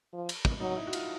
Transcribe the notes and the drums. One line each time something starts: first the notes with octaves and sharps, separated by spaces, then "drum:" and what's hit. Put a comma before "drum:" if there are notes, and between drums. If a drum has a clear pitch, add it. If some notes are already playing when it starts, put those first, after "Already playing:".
F3
drum: cymbal
drum: kick
F#3 D#4
E4
F#4
F4, drum: cymbal